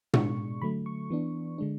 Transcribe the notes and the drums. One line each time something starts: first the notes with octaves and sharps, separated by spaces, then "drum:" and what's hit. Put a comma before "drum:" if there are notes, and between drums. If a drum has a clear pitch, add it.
B2 G#3 D4 C#6, drum: tom
D3 F#3 A3 B5
C#6
E3 B3 D4
D3 G#3 D4